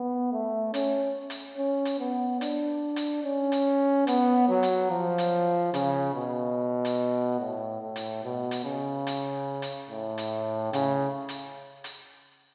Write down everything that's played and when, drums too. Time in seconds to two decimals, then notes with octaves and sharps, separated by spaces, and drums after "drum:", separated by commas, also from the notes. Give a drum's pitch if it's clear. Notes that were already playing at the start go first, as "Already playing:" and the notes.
Already playing: B3
0.33 A3
0.74 C#4, drum: hi-hat
1.30 drum: hi-hat
1.58 C#4
1.85 drum: hi-hat
2.00 B3
2.41 D4, drum: hi-hat
2.96 drum: hi-hat
3.24 C#4
3.52 drum: hi-hat
4.07 B3, drum: hi-hat
4.49 F#3
4.63 drum: hi-hat
4.91 F3
5.18 drum: hi-hat
5.74 C#3, drum: hi-hat
6.15 B2
6.85 drum: hi-hat
7.40 A2
7.81 A2
7.96 drum: hi-hat
8.24 B2
8.51 drum: hi-hat
8.65 C#3
9.07 drum: hi-hat
9.62 drum: hi-hat
9.90 A2
10.18 drum: hi-hat
10.73 C#3, drum: hi-hat
11.29 drum: hi-hat
11.84 drum: hi-hat